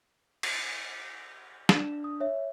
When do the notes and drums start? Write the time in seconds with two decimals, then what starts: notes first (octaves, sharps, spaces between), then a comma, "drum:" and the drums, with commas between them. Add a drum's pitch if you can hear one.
0.43 drum: cymbal
1.69 D4 E7, drum: snare
2.04 D#6
2.20 C#5 E5